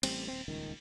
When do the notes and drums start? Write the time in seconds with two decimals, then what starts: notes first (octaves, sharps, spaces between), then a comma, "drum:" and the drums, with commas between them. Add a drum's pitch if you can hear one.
0.03 A1 G3 C4, drum: cymbal
0.28 D#1 C4
0.48 D#1 C#2 D#3